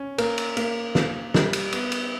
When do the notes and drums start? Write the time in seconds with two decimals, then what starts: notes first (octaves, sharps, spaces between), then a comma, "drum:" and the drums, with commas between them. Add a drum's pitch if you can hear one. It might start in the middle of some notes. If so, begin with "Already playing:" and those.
Already playing: C#4
0.18 A#3 A#4, drum: cymbal
0.38 drum: cymbal
0.57 A#3, drum: cymbal
0.95 A#3, drum: snare
1.34 G3, drum: snare
1.53 drum: cymbal
1.72 B3, drum: cymbal
1.92 drum: cymbal